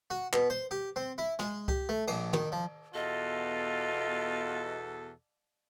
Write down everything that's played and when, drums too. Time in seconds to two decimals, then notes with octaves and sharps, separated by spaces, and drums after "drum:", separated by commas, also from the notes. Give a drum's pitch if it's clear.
0.10 F#4
0.33 B2, drum: clap
0.50 C5
0.71 G4
0.96 C4
1.18 E4
1.39 G#3, drum: snare
1.68 G4, drum: kick C#2
1.89 A3
2.08 A#1, drum: cymbal
2.33 D#3, drum: tom
2.52 F3
2.94 E2 B2 F4 A4 D#5